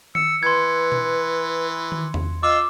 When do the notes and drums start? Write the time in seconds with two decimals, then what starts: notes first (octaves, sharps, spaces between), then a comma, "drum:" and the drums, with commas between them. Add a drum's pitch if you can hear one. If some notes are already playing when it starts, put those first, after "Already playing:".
0.15 E6 C#7, drum: tom D#3
0.43 E3 B4 C6 G#6
0.92 drum: tom B2
1.92 drum: tom
2.14 drum: tom E2
2.43 F4 D#5 D6 E6